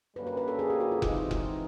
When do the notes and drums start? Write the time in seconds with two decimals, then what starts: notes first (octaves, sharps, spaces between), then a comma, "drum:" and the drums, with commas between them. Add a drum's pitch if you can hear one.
0.15 F#2 D3 G3 A#3 C#4 B4
0.27 B4
0.37 B4
0.48 A4
0.59 G#4
0.70 G4
0.80 F#4
0.91 F4
1.02 E3 G#3 C4 D#4 F4, drum: kick F1
1.17 F4
1.31 F4, drum: kick F1